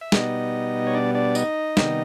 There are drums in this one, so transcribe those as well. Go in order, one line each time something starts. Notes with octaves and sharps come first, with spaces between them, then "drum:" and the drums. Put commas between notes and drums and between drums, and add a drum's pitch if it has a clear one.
E5
B2 G3 B3 D#4 D#5, drum: snare
C#5
D4 D5
D4 D5
D#4 D#5, drum: tambourine
C3 D#3 G3 B3, drum: snare